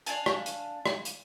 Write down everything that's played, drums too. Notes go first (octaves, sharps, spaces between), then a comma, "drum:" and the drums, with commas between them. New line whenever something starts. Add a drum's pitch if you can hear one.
D4 F5 G#5 A5, drum: hi-hat
drum: rim click
drum: hi-hat
drum: rim click
drum: hi-hat